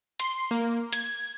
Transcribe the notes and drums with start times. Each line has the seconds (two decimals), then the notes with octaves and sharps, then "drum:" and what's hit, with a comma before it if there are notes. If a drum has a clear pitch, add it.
0.20 C6, drum: hi-hat
0.51 A#3
0.93 G#6, drum: hi-hat